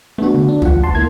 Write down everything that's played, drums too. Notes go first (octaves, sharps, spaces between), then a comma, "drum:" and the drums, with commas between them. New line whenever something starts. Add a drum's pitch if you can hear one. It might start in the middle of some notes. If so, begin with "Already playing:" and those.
A3 B3 D4 F#4
D3
D4
D2 F4 F#5, drum: tom
D2 A5 C6
A#3 E4 G#6